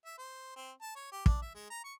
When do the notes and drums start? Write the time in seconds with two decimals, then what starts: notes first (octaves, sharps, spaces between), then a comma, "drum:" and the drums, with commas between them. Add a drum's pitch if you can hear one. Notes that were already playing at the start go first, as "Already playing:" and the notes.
0.05 E5
0.18 C5
0.56 C4
0.82 A5
0.96 C#5
1.12 G4
1.26 D4, drum: kick
1.42 E5
1.54 G#3
1.70 A#5
1.84 C#6